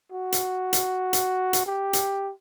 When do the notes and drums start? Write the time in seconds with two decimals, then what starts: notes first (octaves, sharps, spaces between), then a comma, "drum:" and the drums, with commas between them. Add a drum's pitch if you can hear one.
0.12 F#4
0.32 drum: hi-hat
0.73 drum: hi-hat
1.13 drum: hi-hat
1.53 drum: hi-hat
1.66 G4
1.93 drum: hi-hat